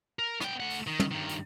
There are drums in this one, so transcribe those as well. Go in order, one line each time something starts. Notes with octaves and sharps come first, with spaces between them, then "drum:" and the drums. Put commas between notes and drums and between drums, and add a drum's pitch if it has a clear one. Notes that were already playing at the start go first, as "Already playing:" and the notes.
A#4
B3 G5, drum: rim click
A3 F#5
drum: open hi-hat
D#3
drum: tom
G2 D#3
drum: hi-hat